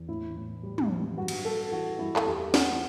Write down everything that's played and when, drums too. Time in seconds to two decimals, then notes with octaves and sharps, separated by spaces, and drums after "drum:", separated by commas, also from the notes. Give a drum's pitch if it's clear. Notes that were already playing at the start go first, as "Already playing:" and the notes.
Already playing: E2
0.09 A2 E4
0.36 A2
0.63 G3
0.78 drum: tom
0.90 G3
1.17 G2 F#4
1.28 drum: cymbal
1.45 G3 A4
1.72 E3 F#4
1.99 G2 E4
2.16 A4, drum: clap
2.26 E2 G4
2.54 E3 F#5, drum: snare